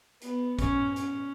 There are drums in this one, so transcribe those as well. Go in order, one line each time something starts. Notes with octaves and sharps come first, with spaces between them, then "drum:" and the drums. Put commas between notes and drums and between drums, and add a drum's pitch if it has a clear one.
B3, drum: hi-hat
C#4, drum: kick, hi-hat
C#4, drum: hi-hat